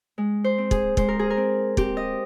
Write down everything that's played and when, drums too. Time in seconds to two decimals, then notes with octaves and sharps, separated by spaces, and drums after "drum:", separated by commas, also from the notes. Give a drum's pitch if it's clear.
0.18 G#3
0.44 C5
0.58 C4
0.71 G#4, drum: kick
0.97 G#3 C5, drum: kick
1.08 A#4
1.19 G#4
1.30 A#4
1.37 C4
1.77 C4 G4, drum: kick
1.97 D#5